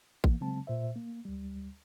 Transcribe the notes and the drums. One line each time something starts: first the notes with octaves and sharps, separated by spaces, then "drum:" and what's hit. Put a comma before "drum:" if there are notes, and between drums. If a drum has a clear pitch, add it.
E3 A#3, drum: kick A1
C#3 F#3 G#3 C4 A5
A#2 C5 E5
A#3
D2 G3